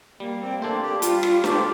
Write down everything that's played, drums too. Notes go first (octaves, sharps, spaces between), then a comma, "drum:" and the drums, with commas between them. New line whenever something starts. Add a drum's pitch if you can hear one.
G3 A#3
C4
A3
A#3 D4 A4 C5
G4
G3 F4, drum: hi-hat
F4, drum: rim click
D4 G4 A4 C5, drum: snare